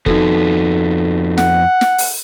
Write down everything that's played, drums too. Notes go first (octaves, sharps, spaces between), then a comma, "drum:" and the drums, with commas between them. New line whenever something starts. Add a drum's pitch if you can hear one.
F2 B3 D#4 F#4 A4, drum: kick F1
F#5, drum: snare
drum: snare
drum: open hi-hat